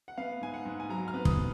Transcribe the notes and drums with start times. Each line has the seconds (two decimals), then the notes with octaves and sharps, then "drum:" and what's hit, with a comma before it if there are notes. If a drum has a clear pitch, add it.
0.08 F#5
0.18 B3 F5
0.41 G#2 G#5
0.54 F#5
0.65 G#2
0.80 G#5
0.90 F#3 A#5
1.08 F6
1.14 B3
1.25 D#6, drum: kick